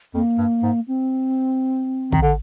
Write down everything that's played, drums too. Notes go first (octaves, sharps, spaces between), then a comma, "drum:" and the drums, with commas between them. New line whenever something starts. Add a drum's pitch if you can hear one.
F2 A#3
G2
G#2
C4
D#3, drum: kick
D3